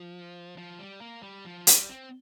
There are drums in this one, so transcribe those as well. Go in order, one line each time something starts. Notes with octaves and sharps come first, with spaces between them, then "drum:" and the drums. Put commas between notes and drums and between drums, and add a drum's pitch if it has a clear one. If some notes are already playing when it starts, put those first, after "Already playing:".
Already playing: F3
F3
G3
A#3
G3
F3
G3, drum: hi-hat
C4